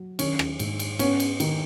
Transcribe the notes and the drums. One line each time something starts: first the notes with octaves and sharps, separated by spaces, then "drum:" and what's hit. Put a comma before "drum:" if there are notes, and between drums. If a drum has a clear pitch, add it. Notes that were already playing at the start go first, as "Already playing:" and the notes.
Already playing: F#3
D#3 C#4, drum: cymbal
drum: rim click
G#2, drum: cymbal
drum: cymbal
B3 C#4, drum: cymbal
drum: cymbal
D#3, drum: cymbal